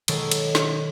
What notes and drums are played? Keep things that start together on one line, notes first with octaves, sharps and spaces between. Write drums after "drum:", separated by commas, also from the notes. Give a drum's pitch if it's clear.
B2 D#3 F#3 G#3 A4, drum: cymbal
drum: cymbal
drum: snare